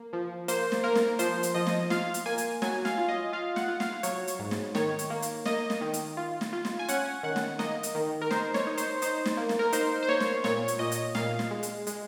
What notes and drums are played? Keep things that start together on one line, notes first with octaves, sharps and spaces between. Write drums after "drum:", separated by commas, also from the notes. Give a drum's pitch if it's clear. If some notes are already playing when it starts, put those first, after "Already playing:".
Already playing: A#3
F3
A#3 C5, drum: hi-hat
drum: snare
A#3 A#4
drum: snare
F3 C5, drum: hi-hat
drum: hi-hat
F3 D#5
drum: snare
F4 F5, drum: snare
drum: hi-hat
A#3 G#5
drum: hi-hat
F#3 G#5, drum: snare
F5, drum: snare
F4
D#5
F4 F5
F#5, drum: snare
F4
F5, drum: snare
F#3 C#5, drum: hi-hat
drum: hi-hat
G#2
drum: snare
D#3 C#5, drum: snare
drum: hi-hat
A#3
drum: hi-hat
A#3 D#5, drum: snare
drum: snare
D#3
drum: hi-hat
F4
drum: snare
F4
drum: snare
G#5
C#4 F#5, drum: hi-hat
D#3 F#5
drum: snare
A#3 D#5, drum: snare
drum: hi-hat
D#3
A#4
D#4 C5, drum: snare
C#5, drum: snare
D#4
C5, drum: hi-hat
D#4 C5, drum: hi-hat
drum: snare
A#3
drum: snare
A#4
D#4 C5, drum: hi-hat
C5
A#3 C#5
drum: snare
A#2 C#5, drum: snare
drum: hi-hat
A#2 D#5
drum: hi-hat
A#2 F5, drum: snare
drum: snare
G#3
drum: hi-hat
G#3, drum: hi-hat